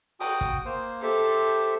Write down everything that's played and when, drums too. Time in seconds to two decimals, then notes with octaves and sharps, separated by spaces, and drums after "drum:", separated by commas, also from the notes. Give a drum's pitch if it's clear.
0.20 F#4 G5 D#6, drum: open hi-hat
0.41 drum: kick
0.65 A#3 C5
1.03 G4 A4 C5 E5